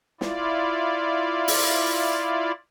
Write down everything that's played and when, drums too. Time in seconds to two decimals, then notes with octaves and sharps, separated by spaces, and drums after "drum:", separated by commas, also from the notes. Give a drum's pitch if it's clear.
0.21 E4 F4 D5, drum: snare
1.48 drum: open hi-hat